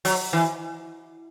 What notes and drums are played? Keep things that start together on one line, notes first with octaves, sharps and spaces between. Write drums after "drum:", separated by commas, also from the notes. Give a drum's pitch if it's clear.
F#3, drum: open hi-hat
E3